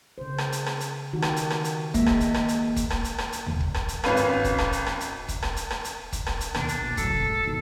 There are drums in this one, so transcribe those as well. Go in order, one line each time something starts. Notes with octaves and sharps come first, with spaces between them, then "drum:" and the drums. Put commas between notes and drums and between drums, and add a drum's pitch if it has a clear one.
C#3 C5
drum: rim click
drum: hi-hat
drum: rim click
drum: hi-hat
D#3 F#4 G4
drum: rim click
drum: hi-hat
drum: rim click
drum: hi-hat
G#3 A#3 E5, drum: kick, hi-hat
drum: rim click
drum: hi-hat
drum: rim click
drum: hi-hat
drum: kick, hi-hat
drum: rim click
drum: hi-hat
drum: rim click
drum: hi-hat
drum: tom D#2
drum: kick
drum: rim click
drum: hi-hat
G#1 C#4 B4 F5, drum: rim click
drum: hi-hat
drum: kick, hi-hat
drum: rim click
drum: hi-hat
drum: rim click
drum: hi-hat
drum: kick, hi-hat
drum: rim click
drum: hi-hat
drum: rim click
drum: hi-hat
drum: kick, hi-hat
drum: rim click
drum: hi-hat
D#2 B2 D4, drum: rim click
drum: hi-hat
A#1
A2 C#3 F#3 A4, drum: kick, hi-hat
E1 G#2
G#1 B2 D#3